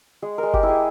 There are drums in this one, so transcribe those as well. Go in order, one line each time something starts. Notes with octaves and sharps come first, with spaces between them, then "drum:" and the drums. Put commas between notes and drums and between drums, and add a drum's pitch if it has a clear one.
G#3 G#4
G#3 A#4
G4, drum: kick
E4
G#4